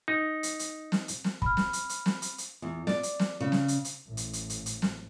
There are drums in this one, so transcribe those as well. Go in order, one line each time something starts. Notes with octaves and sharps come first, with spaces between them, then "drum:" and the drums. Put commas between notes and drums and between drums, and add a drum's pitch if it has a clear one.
D#4
drum: hi-hat
drum: hi-hat
drum: snare
drum: hi-hat
drum: snare
B5 F6, drum: kick
drum: snare
drum: hi-hat
drum: hi-hat
drum: snare
drum: hi-hat
drum: hi-hat
E2
D5, drum: snare
drum: hi-hat
drum: snare
C#3
drum: snare
drum: hi-hat
drum: hi-hat
A1 A2
drum: hi-hat
drum: hi-hat
drum: hi-hat
drum: hi-hat
drum: snare